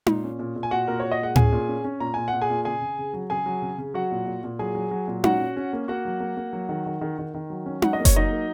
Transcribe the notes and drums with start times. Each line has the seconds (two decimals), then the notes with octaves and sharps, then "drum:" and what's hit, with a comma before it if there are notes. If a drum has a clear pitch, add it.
0.06 A#2, drum: tom D#4
0.24 C#4
0.39 A#2
0.56 A#2
0.63 G#5
0.71 A#2 F#4 F#5
0.88 A#2 A#4
1.00 A#2 C#5
1.11 D#5
1.20 G#3 F#5
1.36 C#4 G#4 G#5, drum: tom A2
1.52 A#2
1.69 C#4
1.84 C#4
2.00 A#2 A#5
2.14 A#2 G#5
2.28 F#5
2.33 A#2
2.42 G#4 G#5
2.50 A#2
2.65 C#3 G#4 G#5
2.82 C#3
2.98 C#3
3.13 F#3
3.30 C#3 G#4 G#5
3.46 F#3
3.62 C#3
3.78 C#3
3.94 F#3 F#4 F#5
4.11 A#2
4.26 A#2
4.44 A#2
4.59 F#3 G#4 G#5
4.75 F#3
4.91 F#3
5.08 A#2
5.24 C#4 F#4 F#5, drum: tom D#4
5.40 C#4
5.57 C#4
5.73 A#3
5.88 A#3 F#4 F#5
6.05 F#3
6.20 A#3
6.37 A#3
6.53 F#3
6.69 D#3
6.86 D#3
7.01 D#3
7.19 D#3
7.34 D#3
7.50 F#3
7.66 C#4
7.82 F#3 F#5, drum: tom D#4
7.93 D#5
7.99 A#3
8.05 C#5, drum: kick F#1, hi-hat
8.15 F#3 D#4 D#5
8.31 A#3